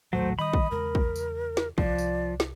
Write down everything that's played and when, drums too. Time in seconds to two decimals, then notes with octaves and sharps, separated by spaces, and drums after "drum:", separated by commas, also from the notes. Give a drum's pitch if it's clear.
0.13 A#1 D#2 A2 F#3 A3 C5
0.39 D#3 G3 D#5 B5 D#6
0.53 drum: kick
0.71 E2 C#3 G#3 A#4
0.95 drum: kick
1.16 drum: tambourine
1.57 drum: snare
1.78 C2 F3 D5, drum: kick
1.98 drum: tambourine
2.40 drum: snare